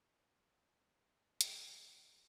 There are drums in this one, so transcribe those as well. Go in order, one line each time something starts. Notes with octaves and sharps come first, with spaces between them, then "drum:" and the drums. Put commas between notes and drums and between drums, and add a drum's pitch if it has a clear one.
F5 G#5
drum: hi-hat